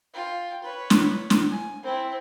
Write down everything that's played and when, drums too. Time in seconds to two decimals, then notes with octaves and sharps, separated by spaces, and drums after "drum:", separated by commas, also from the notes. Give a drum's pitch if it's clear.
0.14 F4 G5
0.64 B4 C#5
0.90 drum: snare
1.30 drum: snare
1.49 G#5
1.84 C4 E4